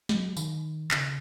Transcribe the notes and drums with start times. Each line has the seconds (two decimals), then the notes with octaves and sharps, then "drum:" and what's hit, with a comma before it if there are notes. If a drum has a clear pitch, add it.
0.09 F#3, drum: snare
0.37 D#3, drum: tambourine
0.91 C#3, drum: clap